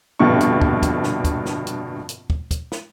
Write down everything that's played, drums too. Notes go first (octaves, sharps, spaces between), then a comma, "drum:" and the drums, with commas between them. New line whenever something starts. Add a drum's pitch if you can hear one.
F1 A#1 G2 B2 D3 C#6
drum: hi-hat
drum: kick
drum: kick, hi-hat
drum: snare
drum: kick, hi-hat
drum: snare
drum: hi-hat
drum: hi-hat
drum: kick
drum: kick, hi-hat
drum: snare